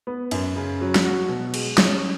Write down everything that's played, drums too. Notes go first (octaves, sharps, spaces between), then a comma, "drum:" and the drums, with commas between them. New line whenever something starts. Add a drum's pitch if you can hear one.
B3
F#2, drum: cymbal
C#3
F#3
drum: snare
F#4
B2
G#3, drum: cymbal
C#4, drum: snare